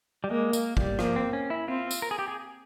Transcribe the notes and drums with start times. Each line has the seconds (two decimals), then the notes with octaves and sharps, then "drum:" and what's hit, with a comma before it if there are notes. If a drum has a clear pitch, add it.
0.24 G3
0.30 G#3 A#3
0.53 A#3, drum: tambourine
0.77 G3, drum: kick
0.99 F3 A#3, drum: rim click
1.16 C4
1.33 C#4
1.50 E4
1.68 C4 F4
1.91 drum: tambourine
2.02 A#4
2.11 G#4
2.19 G4
2.28 G#4